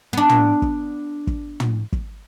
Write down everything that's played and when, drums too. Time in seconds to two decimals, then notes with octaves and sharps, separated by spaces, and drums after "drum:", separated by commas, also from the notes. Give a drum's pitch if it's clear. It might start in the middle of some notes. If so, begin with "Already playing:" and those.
0.13 B3 D4
0.29 drum: tom
0.62 drum: kick
1.27 drum: kick
1.60 drum: tom
1.93 drum: kick